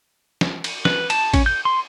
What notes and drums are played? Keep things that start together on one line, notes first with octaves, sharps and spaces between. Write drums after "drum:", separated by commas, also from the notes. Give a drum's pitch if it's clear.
drum: snare
drum: cymbal
B4, drum: snare
A5, drum: cymbal
C#4, drum: kick, cymbal
G6
C6